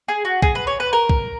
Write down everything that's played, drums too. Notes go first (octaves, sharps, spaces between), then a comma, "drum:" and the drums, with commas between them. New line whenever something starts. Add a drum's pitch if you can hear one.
G#4
F#4
G#4, drum: kick
B4
C#5
B4
A#4
drum: kick